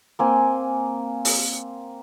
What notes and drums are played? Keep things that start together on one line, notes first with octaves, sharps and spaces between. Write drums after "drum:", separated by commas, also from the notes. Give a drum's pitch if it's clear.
A#3 C4 G#5
drum: open hi-hat